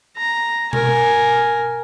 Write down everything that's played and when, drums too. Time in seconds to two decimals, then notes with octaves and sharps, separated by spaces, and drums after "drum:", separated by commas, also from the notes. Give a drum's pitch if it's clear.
0.17 A#5
0.73 A#4 G#5, drum: tom B2